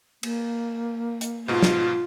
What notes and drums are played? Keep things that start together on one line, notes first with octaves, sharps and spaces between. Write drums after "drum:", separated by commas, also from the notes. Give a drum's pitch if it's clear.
A#3, drum: cymbal
drum: hi-hat
G#2 B2 F4
drum: snare